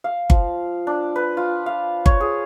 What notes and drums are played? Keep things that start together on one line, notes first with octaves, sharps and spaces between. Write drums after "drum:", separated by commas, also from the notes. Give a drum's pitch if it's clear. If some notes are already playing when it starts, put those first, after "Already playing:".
F5
F3, drum: kick G1
D4
B4
F4
F5
C#5, drum: kick G1
G#4